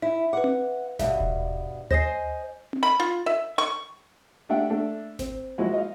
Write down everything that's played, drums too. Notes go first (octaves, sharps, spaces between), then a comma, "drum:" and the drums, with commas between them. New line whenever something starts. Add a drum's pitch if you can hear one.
E4 E5
B4 F#5 D6
drum: tom C4
G2 B2 E5, drum: snare G#1
drum: kick D#1
C5 D#5 G#5 A#6 C7, drum: tom D2
drum: tom C4
B5
F4
E5
C#6
A3 D4 G4 E5 F#5 G5
A3 D4 A4
C4, drum: snare G#1
F3 F#3 G#3 E4 F#4
D#5 F5